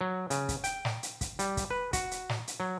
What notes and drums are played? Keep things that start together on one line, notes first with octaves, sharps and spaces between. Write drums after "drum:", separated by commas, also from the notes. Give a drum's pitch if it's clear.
F#3
C#3, drum: hi-hat
drum: kick, hi-hat
G5, drum: hi-hat
drum: snare
drum: hi-hat
drum: kick, hi-hat
G3, drum: hi-hat
drum: kick, hi-hat
B4
F#4, drum: kick, hi-hat
drum: hi-hat
drum: snare
drum: hi-hat
F#3